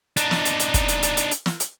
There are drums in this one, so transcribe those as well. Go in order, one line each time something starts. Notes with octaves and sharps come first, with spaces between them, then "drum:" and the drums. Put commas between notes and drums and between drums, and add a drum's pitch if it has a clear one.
D4 D#4, drum: hi-hat
drum: snare
drum: hi-hat
drum: hi-hat
drum: kick, hi-hat
drum: hi-hat
drum: hi-hat
drum: hi-hat
drum: hi-hat
drum: snare
drum: hi-hat